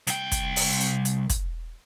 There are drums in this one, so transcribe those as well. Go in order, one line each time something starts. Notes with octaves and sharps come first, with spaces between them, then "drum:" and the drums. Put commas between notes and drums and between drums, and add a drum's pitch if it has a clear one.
C2 G5, drum: hi-hat
drum: kick, hi-hat
drum: open hi-hat
drum: hi-hat
drum: hi-hat
drum: kick, hi-hat